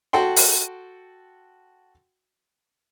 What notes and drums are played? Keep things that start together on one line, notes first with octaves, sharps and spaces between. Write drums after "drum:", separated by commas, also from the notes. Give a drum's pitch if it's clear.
F#4 A4 F#5 G5 C6
drum: open hi-hat